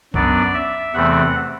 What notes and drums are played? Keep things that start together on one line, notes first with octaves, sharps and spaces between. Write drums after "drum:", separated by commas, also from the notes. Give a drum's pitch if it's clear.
F#2 F#3 B3 D4 D5, drum: kick C2
E5
E2 C3 E3 A3 C4 F#5